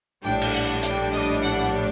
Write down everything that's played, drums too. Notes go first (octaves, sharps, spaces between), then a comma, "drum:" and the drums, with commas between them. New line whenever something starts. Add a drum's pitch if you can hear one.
A#1 A2 G3 D4 G5
drum: cymbal
F#5
G5, drum: hi-hat
D#5
F#5